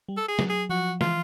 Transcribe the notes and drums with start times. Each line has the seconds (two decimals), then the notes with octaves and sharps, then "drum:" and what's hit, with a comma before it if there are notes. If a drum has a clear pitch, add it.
0.09 G3
0.17 A4
0.28 G#4
0.39 F#3, drum: snare
0.49 G#4
0.69 F3 F#4
1.01 E3 F4, drum: snare